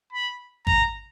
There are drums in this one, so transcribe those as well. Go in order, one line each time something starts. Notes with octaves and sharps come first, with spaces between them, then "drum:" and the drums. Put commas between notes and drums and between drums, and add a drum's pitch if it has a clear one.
B5
A#5, drum: kick